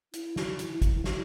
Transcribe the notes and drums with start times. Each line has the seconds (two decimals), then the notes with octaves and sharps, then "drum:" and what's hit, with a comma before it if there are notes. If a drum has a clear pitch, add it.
0.13 E4, drum: hi-hat
0.36 drum: snare
0.59 drum: hi-hat
0.82 drum: kick, hi-hat
1.04 drum: snare